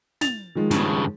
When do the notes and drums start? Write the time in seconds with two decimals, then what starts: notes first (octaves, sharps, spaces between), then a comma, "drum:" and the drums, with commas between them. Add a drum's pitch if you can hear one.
0.21 A6 F7, drum: snare
0.55 D#3 F3 G#3
0.71 G2 C#3, drum: snare